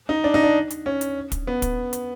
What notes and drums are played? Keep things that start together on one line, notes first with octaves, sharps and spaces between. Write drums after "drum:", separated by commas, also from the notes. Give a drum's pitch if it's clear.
D#4
D4
D#4
D4
drum: hi-hat
C#4
drum: hi-hat
drum: kick, hi-hat
B3
drum: kick, hi-hat
drum: hi-hat